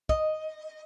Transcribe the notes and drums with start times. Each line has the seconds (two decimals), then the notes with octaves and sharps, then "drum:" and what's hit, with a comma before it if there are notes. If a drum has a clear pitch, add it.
0.09 D#5, drum: kick